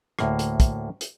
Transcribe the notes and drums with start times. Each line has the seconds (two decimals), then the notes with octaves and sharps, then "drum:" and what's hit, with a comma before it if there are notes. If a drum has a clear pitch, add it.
0.19 D2 A2 A#3, drum: rim click
0.39 drum: hi-hat
0.60 drum: kick, hi-hat
1.01 drum: hi-hat